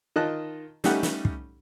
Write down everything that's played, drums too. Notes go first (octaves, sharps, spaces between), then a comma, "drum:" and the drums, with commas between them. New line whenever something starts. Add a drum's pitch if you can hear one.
D#3 F4 D#5 A5 F#6
G3 A3 C#4 D#4 G4 F#5, drum: snare
drum: snare
drum: kick